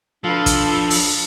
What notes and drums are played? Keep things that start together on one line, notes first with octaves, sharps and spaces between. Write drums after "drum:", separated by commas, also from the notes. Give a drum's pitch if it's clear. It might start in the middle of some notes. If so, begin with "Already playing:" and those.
F3 D4 F4 A4 B4
drum: kick, hi-hat
drum: open hi-hat